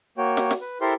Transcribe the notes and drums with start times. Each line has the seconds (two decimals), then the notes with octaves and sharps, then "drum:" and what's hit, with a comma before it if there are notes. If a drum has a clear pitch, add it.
0.18 A#3 F#4 C#5 G5
0.37 drum: snare
0.51 drum: snare
0.61 B4
0.81 E4 G4 A4 A#4 C5 C6